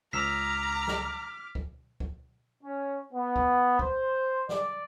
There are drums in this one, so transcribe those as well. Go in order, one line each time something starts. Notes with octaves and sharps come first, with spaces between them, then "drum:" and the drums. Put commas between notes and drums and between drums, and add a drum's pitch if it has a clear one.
C#2 A#5 D6 E6 F6 B6
drum: snare
drum: kick
drum: kick
C#4
B3
drum: kick
C5, drum: kick
D5, drum: snare